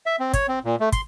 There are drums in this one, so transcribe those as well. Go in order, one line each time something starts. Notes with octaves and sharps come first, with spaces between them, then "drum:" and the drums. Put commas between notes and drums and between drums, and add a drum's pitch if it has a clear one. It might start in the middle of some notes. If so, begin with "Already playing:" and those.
E5
C4
C#5, drum: kick, hi-hat
C4
A#2
A3
C6, drum: kick, hi-hat